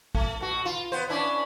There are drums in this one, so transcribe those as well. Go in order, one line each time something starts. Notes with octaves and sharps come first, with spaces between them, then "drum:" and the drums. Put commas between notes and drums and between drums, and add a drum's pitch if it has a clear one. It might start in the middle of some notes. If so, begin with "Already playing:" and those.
A3, drum: kick
B2 F#4
F4
B3 C5
C#4 D4 E4